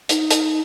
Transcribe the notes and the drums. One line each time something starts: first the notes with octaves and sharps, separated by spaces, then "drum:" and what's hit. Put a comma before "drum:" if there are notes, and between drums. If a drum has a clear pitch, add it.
D#4, drum: hi-hat
drum: hi-hat